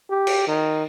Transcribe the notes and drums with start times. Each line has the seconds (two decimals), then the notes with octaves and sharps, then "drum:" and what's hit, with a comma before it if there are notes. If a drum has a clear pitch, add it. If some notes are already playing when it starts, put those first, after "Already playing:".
0.10 G4
0.27 drum: cymbal
0.48 D#3